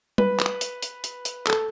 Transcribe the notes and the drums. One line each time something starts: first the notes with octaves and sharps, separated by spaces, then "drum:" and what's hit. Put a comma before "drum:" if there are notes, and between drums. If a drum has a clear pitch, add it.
B4, drum: tom G3
drum: clap
drum: hi-hat
drum: hi-hat
drum: hi-hat
drum: hi-hat
A4, drum: clap